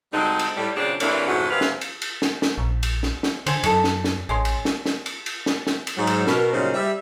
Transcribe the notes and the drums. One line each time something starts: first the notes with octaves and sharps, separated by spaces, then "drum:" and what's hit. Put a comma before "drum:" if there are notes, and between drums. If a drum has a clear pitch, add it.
D2 D3 G3 G#3 C4 D#4
drum: cymbal
A2 G3
A#2 C#3 F#3 C4 D4 G#4
C3 E3 F#3 A3 A#3 D4, drum: cymbal
F2 G#2 C#3 E3 G#3 F#4
F#2 C3 B4 F5
drum: snare
drum: cymbal
drum: cymbal
drum: snare
drum: snare
A#1
drum: cymbal
drum: snare
drum: snare
D3 C5 G#5, drum: cymbal
F#2 D#4 A4, drum: cymbal
drum: snare
drum: snare
A1 G#3 C#4 C6
drum: cymbal
drum: snare
drum: snare
drum: cymbal
drum: cymbal
drum: snare
drum: snare
drum: cymbal
G#2 F#3
drum: cymbal
B2 A#4, drum: snare
A#2 C#3 F#3 G3 D#4 C5
G3 E5